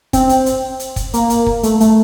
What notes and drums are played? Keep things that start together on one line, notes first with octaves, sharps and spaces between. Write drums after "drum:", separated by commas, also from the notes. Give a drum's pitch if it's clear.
C4, drum: kick, hi-hat
drum: hi-hat
drum: hi-hat
drum: hi-hat
drum: kick, hi-hat
A#3, drum: hi-hat
drum: hi-hat
drum: kick
A3, drum: hi-hat
A3, drum: hi-hat